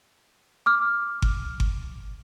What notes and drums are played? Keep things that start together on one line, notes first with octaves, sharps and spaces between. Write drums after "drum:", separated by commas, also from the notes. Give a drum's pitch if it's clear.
D6 F6
drum: kick G1
drum: kick G1